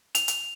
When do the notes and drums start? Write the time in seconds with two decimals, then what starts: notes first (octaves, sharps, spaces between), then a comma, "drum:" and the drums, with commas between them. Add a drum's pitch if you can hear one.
0.15 F7, drum: hi-hat
0.28 drum: hi-hat